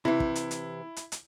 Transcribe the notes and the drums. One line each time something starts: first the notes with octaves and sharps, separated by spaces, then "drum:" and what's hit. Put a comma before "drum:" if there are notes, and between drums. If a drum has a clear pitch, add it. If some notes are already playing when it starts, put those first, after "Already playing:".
C3 E3 E4
drum: kick
drum: hi-hat
drum: hi-hat
drum: hi-hat
drum: hi-hat